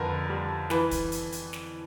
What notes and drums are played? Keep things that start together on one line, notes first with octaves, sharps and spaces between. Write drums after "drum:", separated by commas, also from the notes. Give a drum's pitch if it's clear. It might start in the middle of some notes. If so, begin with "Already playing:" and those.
Already playing: F2 D3 A#4 B4
G3
E3 B4, drum: snare
drum: kick, hi-hat
drum: hi-hat
drum: hi-hat
drum: snare